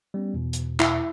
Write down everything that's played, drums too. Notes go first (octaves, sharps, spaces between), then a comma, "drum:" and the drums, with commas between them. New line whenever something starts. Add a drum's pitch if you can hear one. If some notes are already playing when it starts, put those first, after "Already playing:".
G3 B3 C#4
E2 B2
drum: hi-hat
E4, drum: clap